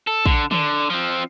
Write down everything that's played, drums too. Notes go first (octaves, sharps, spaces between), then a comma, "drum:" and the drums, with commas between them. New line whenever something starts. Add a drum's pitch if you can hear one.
A4
D3, drum: kick
D3, drum: tom
F3 C4